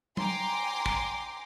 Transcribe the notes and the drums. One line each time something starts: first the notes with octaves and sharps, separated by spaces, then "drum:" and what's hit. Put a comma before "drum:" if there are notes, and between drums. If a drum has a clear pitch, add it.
G5 G#5 A#5 C6 D6, drum: tom F#3
drum: kick